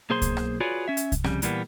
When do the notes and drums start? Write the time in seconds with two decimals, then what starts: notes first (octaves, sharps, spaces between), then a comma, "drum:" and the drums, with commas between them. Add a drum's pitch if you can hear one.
0.10 B1 A#3 G#4 C5 C6
0.22 drum: kick C2, hi-hat
0.37 drum: rim click
0.60 F4 F#4 G#4 B4 C#5 D5
0.88 C#4 E5
0.97 drum: hi-hat
1.12 drum: kick C2, hi-hat
1.24 C2 F2 C#3 G3, drum: rim click
1.42 A#2 E3 G3 A#3 B3, drum: hi-hat